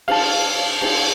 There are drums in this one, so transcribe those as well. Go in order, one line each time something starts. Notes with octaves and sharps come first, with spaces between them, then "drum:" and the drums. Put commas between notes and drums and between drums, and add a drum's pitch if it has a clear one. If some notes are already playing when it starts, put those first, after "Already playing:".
F5 A5, drum: cymbal
drum: cymbal